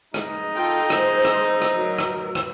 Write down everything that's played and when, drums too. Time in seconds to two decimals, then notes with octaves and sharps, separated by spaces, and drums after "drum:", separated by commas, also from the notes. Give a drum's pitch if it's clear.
0.14 G#3 D#4, drum: rim click
0.55 F4 A4 G5
0.90 G#3 C5, drum: rim click
1.25 drum: rim click
1.62 drum: rim click
1.75 F#3 A#4
1.98 drum: rim click
2.35 drum: rim click